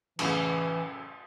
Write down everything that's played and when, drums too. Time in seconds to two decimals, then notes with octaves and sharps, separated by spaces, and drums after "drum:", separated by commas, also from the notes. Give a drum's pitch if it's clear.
0.19 F#2 A2 C#3 E3, drum: cymbal